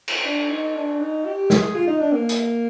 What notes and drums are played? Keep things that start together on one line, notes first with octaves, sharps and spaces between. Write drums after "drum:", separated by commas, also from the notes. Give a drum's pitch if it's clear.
drum: cymbal
D4
D#4
D4
D#4
G4
G#4, drum: snare
F4
D#4
D4
A#3
drum: hi-hat